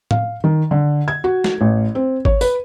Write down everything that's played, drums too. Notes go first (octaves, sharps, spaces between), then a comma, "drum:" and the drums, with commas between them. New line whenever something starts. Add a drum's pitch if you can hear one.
F5, drum: tom A2
D#3
D3
G#6
F#4
drum: snare
A1
C4
C#5, drum: kick G#1
B4, drum: tambourine